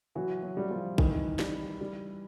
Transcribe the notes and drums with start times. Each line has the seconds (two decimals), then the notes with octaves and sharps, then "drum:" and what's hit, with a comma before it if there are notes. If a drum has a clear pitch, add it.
0.15 E3 F#3 F#4
0.43 F#3 F#4
0.57 G3
0.71 F3 F4
0.98 D#3 E3 E4, drum: kick A#1
1.39 G3, drum: snare
1.81 G3